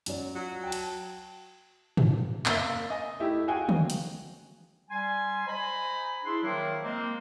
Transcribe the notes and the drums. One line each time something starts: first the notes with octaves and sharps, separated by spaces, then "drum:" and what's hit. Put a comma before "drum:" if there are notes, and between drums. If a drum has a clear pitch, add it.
F#2 F#3 D5, drum: hi-hat
F#3 F4
G5 A5
drum: cymbal
drum: tom
F#1 A#3 E5 F5 A6 G7, drum: clap
D#5 G#5
A3 D#4 E4 G4
F#4 G#4 F5 G5 G#5
drum: tom
drum: hi-hat
G3 G#5 C6
C5 D#5 G#5 A#5 B5
D4 E4 G#4 E5 C6
D#3 F3 F#3 A#3 D4 E4
G#3 A#3 C4